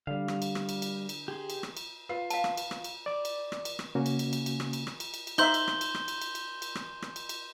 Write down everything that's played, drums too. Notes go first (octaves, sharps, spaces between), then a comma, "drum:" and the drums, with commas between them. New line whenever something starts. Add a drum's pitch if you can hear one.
D3 G3 F5
drum: rim click
drum: cymbal
drum: rim click
drum: cymbal
drum: cymbal
drum: cymbal
G4 G#4 C6
drum: cymbal
drum: rim click
drum: cymbal
F4 B4 C7
F5 A5, drum: cymbal
drum: rim click
drum: cymbal
drum: rim click
drum: cymbal
D5 D6
drum: cymbal
drum: rim click
drum: cymbal
drum: rim click
C#3 A#3 C#4 F#4
drum: cymbal
drum: cymbal
drum: cymbal
drum: cymbal
drum: rim click
drum: cymbal
drum: rim click
drum: cymbal
drum: cymbal
drum: cymbal
D#4 C5 E5 C6 G6 G7, drum: cymbal
drum: cymbal
drum: rim click
drum: cymbal
drum: rim click
drum: cymbal
drum: cymbal
drum: cymbal
drum: cymbal
drum: rim click
drum: rim click
drum: cymbal
drum: cymbal